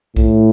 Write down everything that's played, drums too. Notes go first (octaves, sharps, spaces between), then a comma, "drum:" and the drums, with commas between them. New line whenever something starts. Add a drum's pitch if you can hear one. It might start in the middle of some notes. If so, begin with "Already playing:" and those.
A2, drum: kick